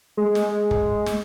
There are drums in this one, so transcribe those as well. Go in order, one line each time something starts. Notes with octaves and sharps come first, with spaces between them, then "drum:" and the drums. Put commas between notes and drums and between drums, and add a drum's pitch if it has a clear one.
G#3
drum: snare
drum: kick
drum: snare